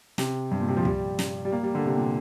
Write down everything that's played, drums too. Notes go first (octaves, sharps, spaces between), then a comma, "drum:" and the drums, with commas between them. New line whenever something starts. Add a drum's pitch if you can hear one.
C3, drum: snare
G2
A#2
C3
F3
G3, drum: kick
drum: snare
G3
A#3
G3
D3
C3
A#2